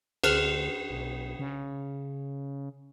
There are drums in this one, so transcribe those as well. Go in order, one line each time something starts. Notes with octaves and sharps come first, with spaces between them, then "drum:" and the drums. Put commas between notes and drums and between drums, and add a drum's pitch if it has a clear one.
D2 G#4 B4 C5, drum: cymbal
B1
C#3